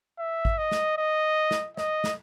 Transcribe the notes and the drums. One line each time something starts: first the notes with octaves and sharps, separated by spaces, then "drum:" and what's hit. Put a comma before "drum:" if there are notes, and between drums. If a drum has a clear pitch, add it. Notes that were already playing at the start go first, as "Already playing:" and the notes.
E5
drum: kick G#1
D#5
drum: snare
D#5
drum: snare
D#5, drum: snare
drum: snare